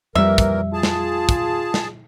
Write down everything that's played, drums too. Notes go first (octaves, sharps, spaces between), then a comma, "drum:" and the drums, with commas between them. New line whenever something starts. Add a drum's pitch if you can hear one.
F2 A#2 E3 G3 A#4 E5
drum: kick, hi-hat
F4 G#4 A5
drum: snare
drum: kick, hi-hat
drum: snare